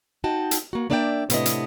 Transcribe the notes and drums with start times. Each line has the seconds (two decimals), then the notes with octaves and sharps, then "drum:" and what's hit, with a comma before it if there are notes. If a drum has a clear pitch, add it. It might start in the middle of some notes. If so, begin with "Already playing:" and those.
0.24 D#4 F#4 G5 A5
0.51 drum: hi-hat
0.73 A#3 F#4
0.90 A#3 D4 D5 E5 F5 G5
1.30 A2 C3 B3 D4 E4 D#5, drum: hi-hat
1.46 drum: hi-hat